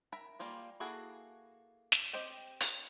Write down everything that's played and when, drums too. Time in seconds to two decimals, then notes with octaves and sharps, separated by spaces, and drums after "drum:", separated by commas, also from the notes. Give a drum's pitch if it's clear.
0.12 A#4 E5 B5
0.39 G3 A#3 F4 G#4
0.80 A#3 E4 F#4 G#4 A4
1.92 drum: snare
2.13 C4 G4 C5 D#5 G5
2.60 drum: hi-hat